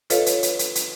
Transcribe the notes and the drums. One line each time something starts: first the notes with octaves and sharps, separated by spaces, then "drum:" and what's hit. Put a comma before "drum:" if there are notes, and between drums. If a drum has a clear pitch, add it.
F4 A4 B4 C#5 D#5 F5, drum: hi-hat
drum: hi-hat
drum: hi-hat
drum: hi-hat
drum: hi-hat